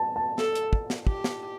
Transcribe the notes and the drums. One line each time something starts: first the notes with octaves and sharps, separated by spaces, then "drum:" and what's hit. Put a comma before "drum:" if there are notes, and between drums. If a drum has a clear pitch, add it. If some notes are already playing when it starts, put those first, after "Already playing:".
Already playing: A5
A5
A4, drum: snare
drum: hi-hat
drum: kick
drum: snare
G4, drum: kick
drum: snare